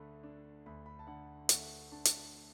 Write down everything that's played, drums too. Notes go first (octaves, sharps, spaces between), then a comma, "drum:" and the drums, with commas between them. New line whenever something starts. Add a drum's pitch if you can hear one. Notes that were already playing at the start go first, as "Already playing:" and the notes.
Already playing: D2 D3 A3 B5
D4
D2 B5
B5
A5
D3 F#5
A3 F#5, drum: hi-hat
D4 A5
drum: hi-hat